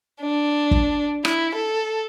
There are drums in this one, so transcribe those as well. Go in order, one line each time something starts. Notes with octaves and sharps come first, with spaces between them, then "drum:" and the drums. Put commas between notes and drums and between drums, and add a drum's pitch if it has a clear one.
D4
drum: kick
E4, drum: rim click
A4